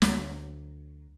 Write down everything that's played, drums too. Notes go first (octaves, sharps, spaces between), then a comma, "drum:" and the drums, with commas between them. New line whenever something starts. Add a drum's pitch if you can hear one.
D2 F#3, drum: snare